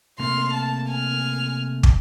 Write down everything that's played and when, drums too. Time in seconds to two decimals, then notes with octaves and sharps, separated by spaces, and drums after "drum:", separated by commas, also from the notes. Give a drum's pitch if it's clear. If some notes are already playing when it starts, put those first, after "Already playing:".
0.19 C3 A3 A#3 C6 F6
0.53 A5
0.89 G#5 F6
1.83 drum: kick